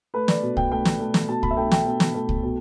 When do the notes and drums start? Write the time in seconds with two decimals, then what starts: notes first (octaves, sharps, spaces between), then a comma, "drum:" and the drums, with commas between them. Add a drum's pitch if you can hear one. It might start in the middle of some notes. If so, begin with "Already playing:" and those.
0.14 A3 B4
0.28 D5, drum: snare
0.42 B2
0.57 G5, drum: kick C2
0.71 A3 G5
0.85 drum: snare
1.00 A3
1.14 drum: snare
1.28 B2 A5
1.43 B5, drum: kick C2
1.51 E5
1.57 A3 G5
1.72 G5, drum: snare
1.86 B2
2.00 drum: snare
2.15 A3
2.29 drum: kick C2
2.43 B2